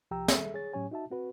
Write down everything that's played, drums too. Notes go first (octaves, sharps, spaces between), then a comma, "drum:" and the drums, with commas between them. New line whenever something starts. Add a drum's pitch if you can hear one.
C2 F3 G4 G5 A#5 E6
G#4 A4 E5, drum: snare
G#4 C#5 A6
A2 F#3 C#4 G4 C#5 G#5
D#4 F#4 E5 A5
C4 F#4 B4